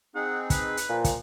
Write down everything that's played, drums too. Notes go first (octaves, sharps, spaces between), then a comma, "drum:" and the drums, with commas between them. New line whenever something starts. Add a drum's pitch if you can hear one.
C4 D#4 G#4 F#5
B4, drum: kick, hi-hat
drum: hi-hat
A#2 F3
drum: kick, hi-hat